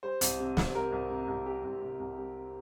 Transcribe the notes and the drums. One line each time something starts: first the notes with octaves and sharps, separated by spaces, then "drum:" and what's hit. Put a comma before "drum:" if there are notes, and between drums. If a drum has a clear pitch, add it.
G3 C5
C2, drum: hi-hat
C3
C2, drum: snare
G3 A#4
C2
C3
C2
G3 G4
C2
C3
C2
G3